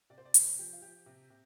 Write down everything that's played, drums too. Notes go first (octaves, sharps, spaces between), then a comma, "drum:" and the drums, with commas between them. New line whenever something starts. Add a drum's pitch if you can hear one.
C3 D5
C5
D5
C3 C5, drum: hi-hat
F3 G4
F4
F3 G4
C3
C3